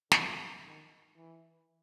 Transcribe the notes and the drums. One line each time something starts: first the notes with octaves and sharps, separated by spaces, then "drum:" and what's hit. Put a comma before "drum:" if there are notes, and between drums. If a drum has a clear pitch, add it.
D3, drum: snare
D#3
E3